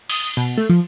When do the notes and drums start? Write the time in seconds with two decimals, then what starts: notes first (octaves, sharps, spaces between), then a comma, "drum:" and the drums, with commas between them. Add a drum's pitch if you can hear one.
0.09 D#6, drum: cymbal
0.37 B2
0.58 A3
0.70 F3